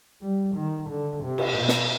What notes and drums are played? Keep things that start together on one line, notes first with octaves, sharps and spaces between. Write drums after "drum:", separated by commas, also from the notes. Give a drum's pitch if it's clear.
G3
D#3
D3
C3
drum: cymbal
B2
drum: snare